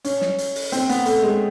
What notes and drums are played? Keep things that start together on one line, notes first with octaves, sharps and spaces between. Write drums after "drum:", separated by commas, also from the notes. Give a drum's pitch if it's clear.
C#4, drum: hi-hat
drum: snare
drum: hi-hat
drum: open hi-hat
C4, drum: hi-hat
B3, drum: hi-hat
A3, drum: hi-hat
G#3